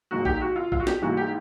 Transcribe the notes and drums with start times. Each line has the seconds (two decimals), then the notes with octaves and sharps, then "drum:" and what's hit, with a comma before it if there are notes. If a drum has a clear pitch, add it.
0.11 G#2 D#3 F#3 A#3 F#4
0.25 G4, drum: kick A#1
0.41 F#4
0.56 F4
0.72 F4, drum: kick A#1
0.80 F#4
0.87 G4, drum: snare
1.02 G#2 E3 G3 A#3 F#4
1.17 G4